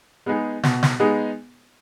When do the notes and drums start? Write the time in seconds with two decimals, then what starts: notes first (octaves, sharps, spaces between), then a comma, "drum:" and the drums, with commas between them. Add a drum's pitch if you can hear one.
0.26 G#3 B3 D#4 G#4
0.63 B2, drum: snare
0.83 drum: snare
1.00 G#3 B3 D#4 G#4